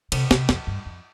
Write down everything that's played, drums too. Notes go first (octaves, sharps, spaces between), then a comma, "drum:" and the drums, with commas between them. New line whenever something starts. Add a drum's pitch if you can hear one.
C3, drum: cymbal
C3, drum: snare
F2, drum: snare
G2
F2